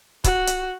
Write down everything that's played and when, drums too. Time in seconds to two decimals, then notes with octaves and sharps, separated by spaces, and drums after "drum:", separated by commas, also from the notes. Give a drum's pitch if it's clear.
0.24 F#4, drum: kick, hi-hat
0.47 drum: hi-hat